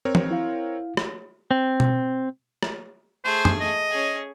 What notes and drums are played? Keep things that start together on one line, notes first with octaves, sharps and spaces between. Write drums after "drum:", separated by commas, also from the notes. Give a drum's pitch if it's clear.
C4 A#4 C#5
drum: tom E3
E4 F5
drum: rim click
C4
drum: tom B2
drum: rim click
A3 G#4 C5
drum: tom F#2
D#5
C#4 G#4